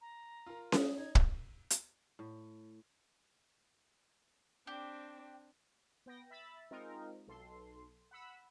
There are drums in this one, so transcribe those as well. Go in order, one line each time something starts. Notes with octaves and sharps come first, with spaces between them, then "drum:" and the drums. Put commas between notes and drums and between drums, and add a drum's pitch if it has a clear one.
A#5
F4 A#4
D#6, drum: snare C#4
D#4 G#6
drum: kick
drum: hi-hat
A2
C4 D4 G4
B3 G5 A#6
E5 B5 E6 A6
G#3 C4 D#4 F4 A#4
B1 A4 C6
F#5 B5 E6